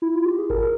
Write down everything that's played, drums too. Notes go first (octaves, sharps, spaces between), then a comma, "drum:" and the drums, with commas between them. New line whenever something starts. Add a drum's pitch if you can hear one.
E4
F4
G4
G#4
A#4, drum: kick G#1